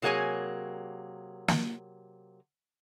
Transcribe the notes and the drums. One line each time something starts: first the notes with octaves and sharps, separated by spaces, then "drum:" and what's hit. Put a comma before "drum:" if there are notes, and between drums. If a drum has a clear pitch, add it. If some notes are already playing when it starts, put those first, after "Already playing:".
C3 F#3 A#3 G#4 C#5 G#5
drum: snare